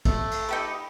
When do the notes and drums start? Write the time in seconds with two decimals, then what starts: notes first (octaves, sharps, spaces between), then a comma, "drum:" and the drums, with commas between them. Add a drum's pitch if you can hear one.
0.05 A3, drum: kick, cymbal
0.31 drum: cymbal
0.49 D#4 G4 B4